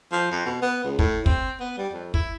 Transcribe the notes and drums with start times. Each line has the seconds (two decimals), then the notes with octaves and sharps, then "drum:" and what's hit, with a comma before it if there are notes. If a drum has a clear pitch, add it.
0.12 F3
0.32 F2
0.46 B2
0.62 B3
0.84 C#2
0.99 A2, drum: kick
1.26 C4, drum: kick
1.60 B3
1.78 G3
1.93 F2
2.14 E4, drum: kick